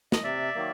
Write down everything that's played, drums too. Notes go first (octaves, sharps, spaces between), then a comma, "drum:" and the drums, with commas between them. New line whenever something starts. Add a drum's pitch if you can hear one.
D#5, drum: snare
C3 D5 E5
D#3 F#3 A#3